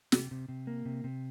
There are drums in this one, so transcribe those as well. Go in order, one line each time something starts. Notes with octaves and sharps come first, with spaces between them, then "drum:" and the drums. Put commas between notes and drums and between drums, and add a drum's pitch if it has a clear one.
C3, drum: snare
C3
C3
A#3
C3
C3